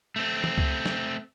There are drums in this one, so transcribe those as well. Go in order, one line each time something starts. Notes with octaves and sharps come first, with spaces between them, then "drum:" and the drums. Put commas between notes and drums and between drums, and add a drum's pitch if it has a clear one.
A3 C4
drum: tom
drum: kick C#2
drum: snare